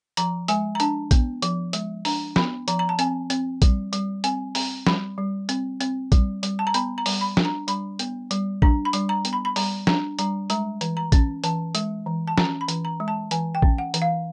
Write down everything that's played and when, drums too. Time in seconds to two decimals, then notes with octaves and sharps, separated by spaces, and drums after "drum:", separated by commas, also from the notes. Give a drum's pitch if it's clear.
0.17 F3 A#5, drum: hi-hat
0.48 G#3 G#5, drum: hi-hat
0.75 A#5
0.80 D4 A5, drum: hi-hat
1.11 B3, drum: kick, hi-hat
1.42 F3, drum: hi-hat
1.73 G#3, drum: hi-hat
2.05 D4 A#5, drum: open hi-hat
2.36 B3 B5, drum: snare
2.68 F3 A#5, drum: hi-hat
2.79 A#5
2.89 A5
2.99 C4 G#5, drum: hi-hat
3.30 C4, drum: hi-hat
3.62 G3, drum: kick, hi-hat
3.93 G3, drum: hi-hat
4.24 C4 G#5, drum: hi-hat
4.55 C4 A#5, drum: open hi-hat
4.87 G3 B5, drum: snare
5.18 G3
5.49 C4, drum: hi-hat
5.81 C4, drum: hi-hat
6.12 G3, drum: kick, hi-hat
6.43 G3, drum: hi-hat
6.59 A5
6.67 A#5
6.74 B3 B5, drum: hi-hat
6.98 A#5
7.06 G3, drum: open hi-hat
7.21 B5
7.37 D4, drum: snare
7.45 A#5
7.68 G3 B5, drum: hi-hat
7.99 B3, drum: hi-hat
8.31 G3, drum: hi-hat
8.62 D4 A#5, drum: kick
8.85 B5
8.93 G3, drum: hi-hat
9.09 A#5
9.25 B3, drum: hi-hat
9.33 B5
9.45 B5
9.56 G3 A#5, drum: open hi-hat
9.87 D4 A#5, drum: snare
10.19 G3 A#5, drum: hi-hat
10.50 G#3 A#5, drum: hi-hat
10.81 E3, drum: hi-hat
10.97 A#5
11.12 C#4, drum: kick, hi-hat
11.44 E3 A5, drum: hi-hat
11.75 G#3, drum: hi-hat
12.06 E3
12.28 A5
12.38 C#4 A#5, drum: snare
12.61 B5
12.68 E3, drum: hi-hat
12.85 A#5
13.00 G#3
13.08 A5
13.31 E3 G#5, drum: hi-hat
13.55 G5
13.62 C#4, drum: kick
13.78 F#5
13.94 E3, drum: hi-hat
14.02 F5